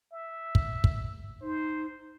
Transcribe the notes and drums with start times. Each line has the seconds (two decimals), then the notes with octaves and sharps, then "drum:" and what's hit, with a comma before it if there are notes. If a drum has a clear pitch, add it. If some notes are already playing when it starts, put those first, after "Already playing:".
0.13 E5
0.55 drum: kick
0.84 drum: kick
1.42 D#4 C5